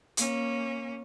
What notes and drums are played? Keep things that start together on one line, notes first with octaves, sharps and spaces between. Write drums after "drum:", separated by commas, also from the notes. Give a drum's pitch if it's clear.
A#3 C#4, drum: hi-hat